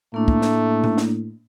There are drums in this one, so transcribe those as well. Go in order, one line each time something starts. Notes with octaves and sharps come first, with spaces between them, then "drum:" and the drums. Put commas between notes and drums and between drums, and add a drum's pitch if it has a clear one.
A2 A3 A#3 D4
drum: kick
drum: snare
drum: tom A2
drum: snare